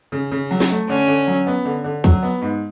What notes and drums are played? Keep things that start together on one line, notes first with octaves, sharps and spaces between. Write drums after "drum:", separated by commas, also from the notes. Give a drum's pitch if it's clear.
C#3
C#3
F#3
drum: snare
A3
D3 C#4
D3
F#3
B3
D3
D3
F#3, drum: kick D2
B3
G#2